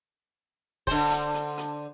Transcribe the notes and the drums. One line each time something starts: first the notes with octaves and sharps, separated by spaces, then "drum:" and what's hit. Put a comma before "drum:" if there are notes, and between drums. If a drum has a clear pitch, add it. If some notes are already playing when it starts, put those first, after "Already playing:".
D3 C5, drum: kick C#1, open hi-hat
drum: hi-hat
drum: hi-hat
drum: hi-hat